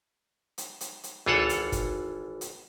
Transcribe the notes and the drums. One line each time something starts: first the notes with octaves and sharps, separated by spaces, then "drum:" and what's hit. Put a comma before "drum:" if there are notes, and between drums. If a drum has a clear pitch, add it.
drum: hi-hat
drum: hi-hat
drum: hi-hat
G#1 E3 F4 A4 C#5 F#5, drum: tom C#2
drum: hi-hat
drum: kick, hi-hat
drum: hi-hat